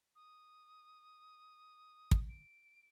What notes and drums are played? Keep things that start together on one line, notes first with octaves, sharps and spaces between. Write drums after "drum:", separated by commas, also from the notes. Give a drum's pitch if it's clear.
D#6
drum: kick
D7